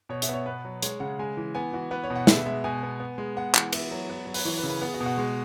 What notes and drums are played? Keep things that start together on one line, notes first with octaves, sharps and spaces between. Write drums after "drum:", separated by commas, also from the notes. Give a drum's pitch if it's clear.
B2 C#5
E5, drum: hi-hat
B3 C#5
B3 B4
F#3
G#3 C#5, drum: hi-hat
C#3 F#5
G#3 G#5
E3
B3 G#5
E3 F#4
B3 B4
C#5
B2
F#5
B3 E5, drum: snare
G#3 E5
B2 G#5
B3
B3
G#3
B3 F#5
E3, drum: clap
B3 E5, drum: cymbal
F#3
B3
F#3
B4, drum: open hi-hat
E3 C#5
B4
C#3
B4
B3 G#4
F#4
B2
F#4
G#3